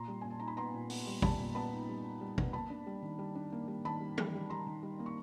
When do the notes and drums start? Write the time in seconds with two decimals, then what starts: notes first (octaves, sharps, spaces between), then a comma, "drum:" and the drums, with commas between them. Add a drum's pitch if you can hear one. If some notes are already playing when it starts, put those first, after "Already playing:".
Already playing: A#2 A#5 C6
0.08 G3
0.21 A#2 G#5
0.30 A5
0.40 D#4 A#5
0.48 B5
0.57 B3 A#5 C6
0.74 A#2
0.90 B3, drum: open hi-hat
1.07 G3
1.22 G3 A5 B5, drum: kick
1.39 A#2
1.55 B3 A5 B5
1.73 D#4
1.89 G3
2.04 D#4
2.21 G3
2.38 B3, drum: kick
2.53 A#3 A5 B5
2.70 D4
2.87 G3
3.02 D#3
3.19 G3
3.35 D4
3.52 A#3
3.68 G3
3.85 D#3 A5 B5
4.01 G3
4.18 G3, drum: tom
4.35 G3
4.50 G3 A#5 C6
4.67 D#3
4.83 G3
4.99 A#3
5.06 C#6